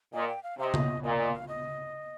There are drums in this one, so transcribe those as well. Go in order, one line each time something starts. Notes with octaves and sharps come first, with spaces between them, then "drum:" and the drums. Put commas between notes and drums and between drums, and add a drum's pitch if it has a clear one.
A#2 D#5
G5
F5
C3 D#5 F5
drum: tom C#3
A#2 D#5
D#5
F5
D#5